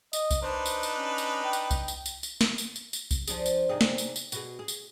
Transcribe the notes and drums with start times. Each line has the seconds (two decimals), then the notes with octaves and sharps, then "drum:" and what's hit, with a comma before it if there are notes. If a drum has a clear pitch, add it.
0.13 D#5, drum: tambourine
0.31 drum: kick C2, tambourine
0.42 D4 D#4 B4 C5
0.66 drum: tambourine
0.83 drum: tambourine
0.98 C#4
1.18 drum: tambourine
1.44 G5
1.53 drum: tambourine
1.71 drum: kick C2, tambourine
1.88 drum: tambourine
2.06 drum: tambourine
2.23 drum: tambourine
2.41 drum: snare
2.58 drum: tambourine
2.76 drum: tambourine
2.93 drum: tambourine
3.11 drum: kick C2, tambourine
3.27 F3 D4 G#4, drum: tambourine
3.46 drum: tambourine
3.69 C3 D#4 G#4
3.81 drum: snare
3.98 drum: tambourine
4.16 drum: tambourine
4.32 B2 F#4 G#4, drum: tambourine
4.59 G#4
4.68 drum: tambourine